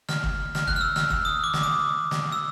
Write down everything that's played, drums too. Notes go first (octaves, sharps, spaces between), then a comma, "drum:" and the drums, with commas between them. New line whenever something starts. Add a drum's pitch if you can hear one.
F6, drum: snare
drum: kick
F6, drum: snare
F#6, drum: kick
F6
E6
F6, drum: snare
E6, drum: kick
D#6
D6
drum: snare
D#6
drum: snare
E6